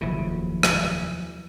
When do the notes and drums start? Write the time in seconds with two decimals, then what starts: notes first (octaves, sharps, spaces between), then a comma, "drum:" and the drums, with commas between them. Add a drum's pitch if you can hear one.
0.01 F1 D#2 C#3 F3 F#3 E4
0.63 drum: rim click